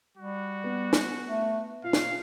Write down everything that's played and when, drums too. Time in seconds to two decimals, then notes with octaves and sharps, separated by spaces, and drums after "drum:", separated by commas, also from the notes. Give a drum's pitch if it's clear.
0.17 G3 F#4
0.64 B3
0.93 drum: snare
1.27 A3
1.84 A#2 F4 F5
1.93 drum: snare